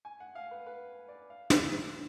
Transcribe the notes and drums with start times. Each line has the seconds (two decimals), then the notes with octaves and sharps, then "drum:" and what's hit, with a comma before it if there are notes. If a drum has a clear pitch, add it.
0.05 G#5
0.20 F#5
0.35 F5
0.51 B4
0.66 B4
1.08 D5
1.30 F5
1.50 drum: snare